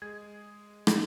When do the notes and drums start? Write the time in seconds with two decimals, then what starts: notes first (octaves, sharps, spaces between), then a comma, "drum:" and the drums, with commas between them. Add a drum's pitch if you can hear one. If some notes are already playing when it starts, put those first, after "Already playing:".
0.02 G#3 G#4 G#6
0.87 drum: rim click